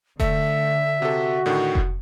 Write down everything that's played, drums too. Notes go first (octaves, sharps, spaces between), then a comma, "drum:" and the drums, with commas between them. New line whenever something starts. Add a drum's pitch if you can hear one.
D3 A3 E5, drum: kick F1
C3 F#4 A4
A2 D3 D#3
drum: kick F1